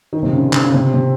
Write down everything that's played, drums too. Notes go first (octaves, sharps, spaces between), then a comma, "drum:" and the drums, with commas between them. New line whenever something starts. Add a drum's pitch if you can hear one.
D#3
C3, drum: tom A2
C#3
D3
C#3, drum: clap
C#3
C3
C3